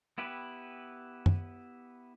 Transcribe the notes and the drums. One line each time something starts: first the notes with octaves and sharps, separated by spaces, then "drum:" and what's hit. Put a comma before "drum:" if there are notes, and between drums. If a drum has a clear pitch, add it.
B3 E4 G4 B4
drum: tom F#2